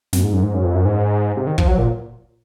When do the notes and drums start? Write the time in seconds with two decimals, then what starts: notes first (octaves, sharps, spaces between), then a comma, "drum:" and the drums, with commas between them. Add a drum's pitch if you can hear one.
0.13 F#2, drum: snare
0.24 G#2
0.34 F#2
0.43 G#2
0.54 F#2
0.65 F2
0.75 F#2
0.85 G#2
1.37 C3
1.47 D#3
1.58 F3, drum: kick
1.68 F#3
1.78 A#2